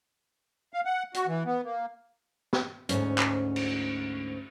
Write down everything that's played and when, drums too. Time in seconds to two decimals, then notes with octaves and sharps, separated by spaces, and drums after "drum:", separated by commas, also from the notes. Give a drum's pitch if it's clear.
0.73 F5
0.85 F#5
1.14 F#4, drum: hi-hat
1.27 E3
1.46 B3
1.64 A#3
2.53 drum: snare
2.89 D2 G#2 C#4, drum: hi-hat
3.18 drum: clap
3.56 drum: cymbal